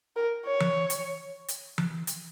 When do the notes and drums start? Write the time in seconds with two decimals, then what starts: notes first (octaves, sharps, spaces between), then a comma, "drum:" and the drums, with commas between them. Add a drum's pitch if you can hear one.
0.16 A#4
0.46 C#5
0.60 drum: tom E3
0.90 drum: hi-hat
1.48 drum: hi-hat
1.78 drum: tom E3
2.07 drum: hi-hat